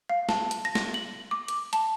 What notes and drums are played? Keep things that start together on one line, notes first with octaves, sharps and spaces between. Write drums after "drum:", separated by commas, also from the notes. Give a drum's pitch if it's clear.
F5
A5, drum: snare
drum: hi-hat
A#6
drum: snare
F#7
D6
drum: hi-hat
A5, drum: hi-hat